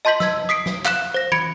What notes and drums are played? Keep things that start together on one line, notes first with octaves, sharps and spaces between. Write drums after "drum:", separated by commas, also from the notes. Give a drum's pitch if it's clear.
D#5 A5 C6 G6 B6 F#7
E6 G#6, drum: snare
D#6 B6 C7 D7
drum: snare
F5 F#6 E7, drum: clap
C5 A#6
B5 G#6 C#7 D7, drum: tom